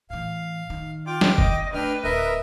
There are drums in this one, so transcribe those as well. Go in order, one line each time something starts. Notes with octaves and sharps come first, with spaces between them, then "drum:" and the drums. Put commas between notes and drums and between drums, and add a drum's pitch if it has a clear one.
A2 E3 F5
D#3
F4 G5 D6
drum: snare
D#5, drum: kick
A3 D4 B4 G5 F6
D1 A#4 D#5 E5